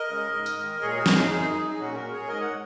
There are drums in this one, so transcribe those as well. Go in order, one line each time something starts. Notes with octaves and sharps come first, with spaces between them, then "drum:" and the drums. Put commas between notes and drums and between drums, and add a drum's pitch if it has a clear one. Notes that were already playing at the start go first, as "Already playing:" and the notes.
Already playing: A#4 D#5
C#3 G#3
G#2
drum: tambourine
D#3 G#3
A#2 G#4 C#5
F#4 A#4
F#3, drum: snare
D#4 G#4
F#2 D#4 G#4
F#3
G#4
A#2 C#4 F#4
F#4 A#4
G#3
G#4 C#5
G#2 A#4 D#5
C#5 F#5